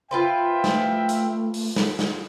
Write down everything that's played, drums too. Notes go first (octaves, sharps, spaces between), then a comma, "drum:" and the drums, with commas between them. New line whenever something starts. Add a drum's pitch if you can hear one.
F4 B4 C5 E5 F5 G5
A3, drum: snare
drum: hi-hat
drum: open hi-hat
drum: snare
drum: snare